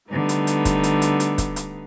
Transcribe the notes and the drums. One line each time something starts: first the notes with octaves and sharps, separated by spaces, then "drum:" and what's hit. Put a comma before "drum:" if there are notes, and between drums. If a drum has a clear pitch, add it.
D3 G3 A3 B3 D#4
drum: hi-hat
drum: hi-hat
drum: kick, hi-hat
drum: hi-hat
drum: hi-hat
drum: hi-hat
drum: kick, hi-hat
drum: hi-hat